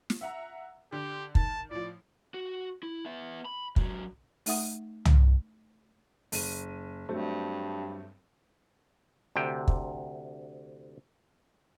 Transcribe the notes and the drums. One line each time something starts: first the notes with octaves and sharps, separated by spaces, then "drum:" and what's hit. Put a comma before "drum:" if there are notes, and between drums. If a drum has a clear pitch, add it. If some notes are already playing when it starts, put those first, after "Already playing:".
drum: snare
E5 F#5 A#5
D3 G4
D#3 A5, drum: kick
A2 F3 D5
F#4
E4
B3 E5
B5
G#2 F#3, drum: kick
A3 D#4 E5 F#5 D#6, drum: open hi-hat
drum: tom
F#1 D#7, drum: open hi-hat
G2 F#3 A3 C4
D2 C3 G5
drum: kick